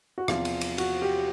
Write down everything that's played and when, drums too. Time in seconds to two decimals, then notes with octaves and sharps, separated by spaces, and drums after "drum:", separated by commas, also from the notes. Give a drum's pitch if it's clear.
0.18 F#4
0.28 E2 C3 F3 F4, drum: rim click
0.45 drum: cymbal
0.61 drum: cymbal
0.78 F#4, drum: cymbal
1.02 G4